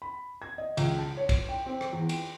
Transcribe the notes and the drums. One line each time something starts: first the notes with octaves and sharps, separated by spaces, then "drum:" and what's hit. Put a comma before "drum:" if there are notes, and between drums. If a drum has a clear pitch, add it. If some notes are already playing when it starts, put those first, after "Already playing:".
B5
G#6
D#5
C#2, drum: cymbal
A5
C#5
drum: kick, cymbal
G5
C4
drum: rim click
E2
G5, drum: cymbal